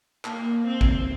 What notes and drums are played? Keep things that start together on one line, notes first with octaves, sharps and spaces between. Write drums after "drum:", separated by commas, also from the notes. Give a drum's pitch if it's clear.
A#3, drum: clap
C4
drum: kick